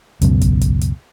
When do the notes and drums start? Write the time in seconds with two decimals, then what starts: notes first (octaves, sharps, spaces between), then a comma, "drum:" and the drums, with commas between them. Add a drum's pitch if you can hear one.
0.22 C#2 F#2 B2, drum: hi-hat
0.41 drum: kick, hi-hat
0.61 drum: kick, hi-hat
0.81 drum: hi-hat